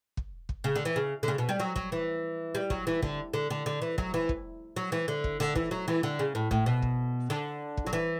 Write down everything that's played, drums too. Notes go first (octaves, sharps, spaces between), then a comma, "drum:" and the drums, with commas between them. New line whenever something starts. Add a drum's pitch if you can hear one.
drum: kick
drum: kick
C#3
D3
E3
C#3
D3
C#3
B2
G3
F#3
F#3, drum: kick
E3
G3
F#3, drum: kick
E3
D3, drum: kick
D3
D3
D3
E3
F#3, drum: kick
E3
drum: kick
F#3
E3
D3
drum: kick
D3
E3, drum: kick
F#3
E3
D3
C#3
A2
A2, drum: kick
B2
drum: kick
D3
drum: kick
F#3
E3